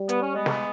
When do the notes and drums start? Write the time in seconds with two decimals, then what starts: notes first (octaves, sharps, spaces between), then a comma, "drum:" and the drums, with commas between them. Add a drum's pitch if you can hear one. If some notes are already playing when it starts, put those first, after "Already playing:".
Already playing: G3
0.09 B3, drum: hi-hat
0.22 C#4
0.35 G#3 B3
0.46 drum: snare